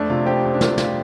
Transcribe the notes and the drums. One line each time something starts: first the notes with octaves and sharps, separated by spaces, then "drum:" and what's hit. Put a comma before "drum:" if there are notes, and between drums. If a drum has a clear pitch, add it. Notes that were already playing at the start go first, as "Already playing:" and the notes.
Already playing: F2 A3 D4
C3 F4
C4 G4
F2
D4
A3 F4, drum: snare
C3 F4, drum: snare